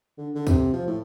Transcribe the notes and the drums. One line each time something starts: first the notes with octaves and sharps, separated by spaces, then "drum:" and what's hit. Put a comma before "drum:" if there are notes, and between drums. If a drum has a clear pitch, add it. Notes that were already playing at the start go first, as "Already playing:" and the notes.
D3
D3
C3, drum: kick, tambourine
F3
A2